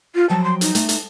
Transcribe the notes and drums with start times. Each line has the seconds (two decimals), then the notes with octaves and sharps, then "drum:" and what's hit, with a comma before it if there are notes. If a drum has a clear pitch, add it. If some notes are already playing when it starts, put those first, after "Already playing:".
0.15 F4
0.30 F3 F#3 G5 A5
0.44 C6
0.61 D#4, drum: hi-hat
0.75 A3, drum: hi-hat
0.89 drum: hi-hat